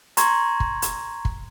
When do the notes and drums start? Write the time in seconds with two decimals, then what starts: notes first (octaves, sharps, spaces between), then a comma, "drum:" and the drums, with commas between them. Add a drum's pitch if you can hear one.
0.17 A#5 C6 C#6 G#6, drum: hi-hat
0.60 drum: kick
0.82 drum: hi-hat
1.25 drum: kick